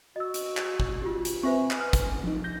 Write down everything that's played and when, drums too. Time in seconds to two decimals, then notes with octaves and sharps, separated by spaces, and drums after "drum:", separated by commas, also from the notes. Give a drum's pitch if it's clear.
0.16 F#4 D#5 E6
0.34 drum: hi-hat
0.57 drum: clap
0.80 drum: kick
1.02 F4 G4
1.25 drum: hi-hat
1.43 C4 B4 C5 E5 G#5 C#6
1.71 drum: clap
1.80 F6
1.93 drum: kick, hi-hat
2.24 F3 D#4
2.44 G6 A#6